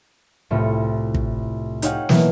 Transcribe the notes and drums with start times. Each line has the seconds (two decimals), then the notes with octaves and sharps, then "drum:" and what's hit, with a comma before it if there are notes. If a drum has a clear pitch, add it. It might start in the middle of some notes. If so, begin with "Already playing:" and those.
0.51 C2 A2 A3 F4 C#7
1.14 drum: kick
1.82 D#4 G4 C#5 F5 F#5 G#5, drum: hi-hat
2.09 B2 E3 F#3 A#3, drum: snare